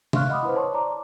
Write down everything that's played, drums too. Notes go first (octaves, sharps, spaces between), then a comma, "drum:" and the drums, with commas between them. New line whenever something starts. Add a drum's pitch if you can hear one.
E5 F5 C6 C#6 F6 F#6, drum: tom
D#5 F#5 B5 D6 D#6
E4 B4 C5
C#5 A5 C6 C#6
D5 A#5 D6